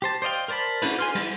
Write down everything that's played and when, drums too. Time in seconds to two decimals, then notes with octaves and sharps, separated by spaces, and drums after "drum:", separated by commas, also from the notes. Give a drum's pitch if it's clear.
0.02 G4 C5 A5
0.22 C5 D5 D#5 F5 G5
0.48 A#4 C5 D5 A5 B5
0.82 C#4 D4 E4 B4, drum: cymbal
0.99 G#5 C6 F6
1.15 G3 E4, drum: cymbal